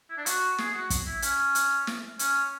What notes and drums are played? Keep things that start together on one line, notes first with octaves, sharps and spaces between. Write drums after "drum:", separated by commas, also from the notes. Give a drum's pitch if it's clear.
E4
D4
F#4, drum: hi-hat
G#4, drum: snare
F#4
drum: kick, hi-hat
E4
C#4, drum: hi-hat
drum: hi-hat
drum: snare
C#4, drum: hi-hat